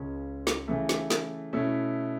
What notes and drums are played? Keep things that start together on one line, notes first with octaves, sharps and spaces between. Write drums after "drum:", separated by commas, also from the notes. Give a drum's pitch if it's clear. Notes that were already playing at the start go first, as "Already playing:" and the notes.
Already playing: C#2 C#3 G#3 C#4
drum: snare
C#3 E3 A3
drum: snare
drum: snare
B2 A3 C#4 E4